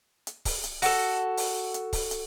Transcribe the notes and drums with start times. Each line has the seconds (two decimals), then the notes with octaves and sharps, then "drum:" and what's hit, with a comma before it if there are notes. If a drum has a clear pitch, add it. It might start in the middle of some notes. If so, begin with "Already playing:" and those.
0.27 drum: hi-hat
0.45 drum: kick C#1, open hi-hat
0.64 drum: hi-hat
0.82 F#4 A4, drum: open hi-hat
1.37 drum: open hi-hat
1.74 drum: hi-hat
1.93 drum: kick C#1, open hi-hat
2.11 drum: hi-hat